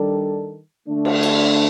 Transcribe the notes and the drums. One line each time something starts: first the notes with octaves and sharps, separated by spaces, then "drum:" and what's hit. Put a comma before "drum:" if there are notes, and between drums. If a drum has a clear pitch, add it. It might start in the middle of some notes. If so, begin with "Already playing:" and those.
Already playing: D#3 G3 D4 A4
D3 A3 D4
drum: cymbal
drum: cymbal